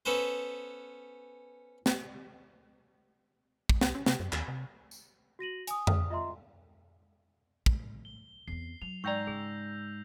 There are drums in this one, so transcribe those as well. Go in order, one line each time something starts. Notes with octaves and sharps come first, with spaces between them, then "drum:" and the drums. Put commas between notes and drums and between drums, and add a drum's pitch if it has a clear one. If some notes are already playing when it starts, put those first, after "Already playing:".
B3 C#4 A4 B4 C5
drum: snare
F#1, drum: kick
C2, drum: snare
C#4
C3, drum: snare
F#2
D#2, drum: clap
C3
drum: tambourine
F#4 A#6 D#7 F#7
G#5 D#6, drum: hi-hat
D#6 F6, drum: tom F2
F4 D#5 E5 A#5 C6
A2, drum: kick
G7
E2 C4 C7
F#3 F7
G#2 D5 G5 A#5 C#6 E6 G6 A#6
C#3 G#4